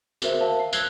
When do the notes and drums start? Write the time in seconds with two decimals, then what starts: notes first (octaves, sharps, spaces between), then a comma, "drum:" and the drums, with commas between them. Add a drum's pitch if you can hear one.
0.22 F#4 G#4 A#4 C5 E5, drum: tambourine
0.41 A#4 E5 F5 A5
0.59 C7
0.73 E6 F#6 G#6 C7, drum: tambourine